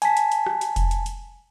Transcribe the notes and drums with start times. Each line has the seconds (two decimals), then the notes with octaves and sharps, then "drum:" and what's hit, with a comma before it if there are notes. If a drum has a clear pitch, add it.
0.02 G#5 A5 B6, drum: hi-hat
0.17 drum: hi-hat
0.32 drum: hi-hat
0.46 drum: rim click
0.61 drum: hi-hat
0.76 drum: kick F1, hi-hat
0.91 drum: hi-hat
1.06 drum: hi-hat